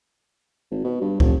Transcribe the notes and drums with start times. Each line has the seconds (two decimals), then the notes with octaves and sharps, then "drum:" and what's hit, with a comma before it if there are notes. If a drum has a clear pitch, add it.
0.71 G#1
0.84 B2
1.01 G2
1.20 F1, drum: kick